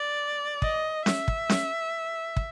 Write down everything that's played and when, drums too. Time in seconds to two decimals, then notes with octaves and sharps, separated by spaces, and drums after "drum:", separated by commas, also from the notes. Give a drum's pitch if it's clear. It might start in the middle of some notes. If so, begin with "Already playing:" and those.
Already playing: D5
0.62 D#5, drum: kick
1.06 E5, drum: snare C#4
1.28 drum: kick
1.49 drum: snare C#4
2.37 drum: kick